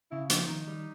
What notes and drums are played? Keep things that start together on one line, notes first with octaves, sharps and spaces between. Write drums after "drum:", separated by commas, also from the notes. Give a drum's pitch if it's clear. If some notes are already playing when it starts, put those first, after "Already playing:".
C#3 E4
F3 D#4, drum: hi-hat
D#3
G3